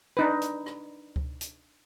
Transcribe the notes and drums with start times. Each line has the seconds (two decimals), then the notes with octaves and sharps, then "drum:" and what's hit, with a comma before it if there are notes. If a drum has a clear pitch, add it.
0.17 D4 D#4 B4
0.42 drum: hi-hat
0.66 drum: rim click
1.16 drum: kick C#2
1.41 drum: hi-hat